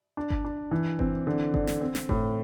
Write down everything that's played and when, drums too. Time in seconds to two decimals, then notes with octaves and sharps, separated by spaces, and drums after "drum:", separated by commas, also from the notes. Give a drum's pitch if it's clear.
0.17 D4
0.30 drum: kick G1
0.45 D4
0.71 E3
0.99 C4, drum: kick G1
1.27 D3
1.54 D3, drum: kick G1
1.67 drum: snare
1.81 C4
1.95 drum: snare
2.09 A2, drum: kick G1